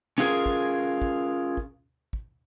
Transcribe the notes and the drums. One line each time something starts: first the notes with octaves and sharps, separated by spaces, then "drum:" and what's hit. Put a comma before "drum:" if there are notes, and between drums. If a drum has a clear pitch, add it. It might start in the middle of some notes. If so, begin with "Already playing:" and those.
C#4 D#4 F4 F#4 G#4 A#4
drum: kick
drum: kick
drum: kick
drum: kick